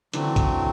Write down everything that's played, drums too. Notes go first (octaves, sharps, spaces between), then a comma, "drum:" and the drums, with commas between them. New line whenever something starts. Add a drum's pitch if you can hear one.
D3 E3 F#3 A3 C4, drum: hi-hat
drum: kick A1, hi-hat